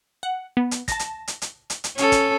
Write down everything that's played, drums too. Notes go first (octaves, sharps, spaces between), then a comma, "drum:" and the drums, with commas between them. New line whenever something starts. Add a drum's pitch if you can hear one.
F#5
B3
drum: hi-hat
A5 A#6, drum: kick, hi-hat
drum: hi-hat
drum: hi-hat
drum: hi-hat
drum: hi-hat
drum: hi-hat
C#4 A4, drum: hi-hat
drum: kick, hi-hat